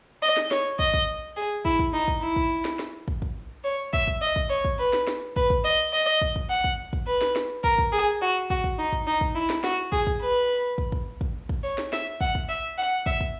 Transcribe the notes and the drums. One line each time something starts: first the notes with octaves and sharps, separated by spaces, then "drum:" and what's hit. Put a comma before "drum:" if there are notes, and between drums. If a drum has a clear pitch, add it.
D#5
drum: snare
C#5, drum: snare
D#5, drum: kick
drum: kick
G#4
E4, drum: kick
drum: kick
D#4
drum: kick
E4
drum: kick
drum: snare
drum: snare
drum: kick
drum: kick
C#5
E5, drum: kick
drum: kick
D#5
drum: kick
C#5
drum: kick
B4
drum: snare
drum: snare
B4, drum: kick
drum: kick
D#5
D#5
drum: kick
drum: kick
F#5
drum: kick
drum: kick
B4
drum: snare
drum: snare
A#4, drum: kick
drum: kick
G#4
F#4
F#4, drum: kick
drum: kick
D#4
drum: kick
D#4
drum: kick
E4
drum: snare
F#4, drum: snare
G#4, drum: kick
drum: kick
B4
drum: kick
drum: kick
drum: kick
drum: kick
C#5
drum: snare
E5, drum: snare
F#5, drum: kick
drum: kick
E5
F#5
E5, drum: kick
drum: kick